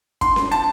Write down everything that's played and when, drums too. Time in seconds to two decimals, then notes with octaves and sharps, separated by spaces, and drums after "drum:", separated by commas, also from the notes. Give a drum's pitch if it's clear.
0.21 C6, drum: kick, hi-hat
0.36 drum: snare C#4
0.51 A5, drum: hi-hat